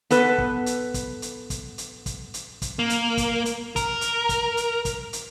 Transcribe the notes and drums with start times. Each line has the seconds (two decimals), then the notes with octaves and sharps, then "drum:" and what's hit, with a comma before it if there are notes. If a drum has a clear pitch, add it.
0.10 B3 A4 B4, drum: hi-hat
0.38 drum: kick
0.66 drum: hi-hat
0.94 drum: kick, hi-hat
1.22 drum: hi-hat
1.50 drum: kick, hi-hat
1.78 drum: hi-hat
2.06 drum: kick, hi-hat
2.34 drum: hi-hat
2.62 drum: kick, hi-hat
2.79 A#3
2.90 drum: hi-hat
3.17 drum: kick, hi-hat
3.45 drum: hi-hat
3.76 A#4, drum: kick, hi-hat
4.01 drum: hi-hat
4.29 drum: kick, hi-hat
4.57 drum: hi-hat
4.85 drum: kick, hi-hat
5.13 drum: hi-hat